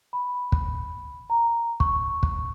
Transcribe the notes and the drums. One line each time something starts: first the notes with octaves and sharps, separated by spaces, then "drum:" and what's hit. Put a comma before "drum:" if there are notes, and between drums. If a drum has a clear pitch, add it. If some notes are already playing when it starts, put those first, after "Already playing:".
B5
drum: kick
A#5
C#6, drum: kick
drum: kick